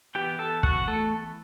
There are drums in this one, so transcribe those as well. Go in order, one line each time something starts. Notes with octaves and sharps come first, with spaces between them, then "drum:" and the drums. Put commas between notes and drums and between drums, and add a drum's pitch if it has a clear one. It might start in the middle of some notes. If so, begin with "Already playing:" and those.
E3 B3 G4 G5
A4 A5
F#4 F#5, drum: kick
A3 A4